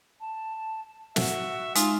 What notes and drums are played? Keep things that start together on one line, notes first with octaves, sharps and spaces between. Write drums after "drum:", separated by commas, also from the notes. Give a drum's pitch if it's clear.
A5
F#4 E5, drum: snare
G#3 D#4 F4, drum: hi-hat